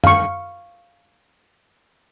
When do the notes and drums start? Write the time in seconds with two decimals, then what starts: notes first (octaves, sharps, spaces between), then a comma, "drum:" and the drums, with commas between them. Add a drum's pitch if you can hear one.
0.04 F5 C#6, drum: tom F#2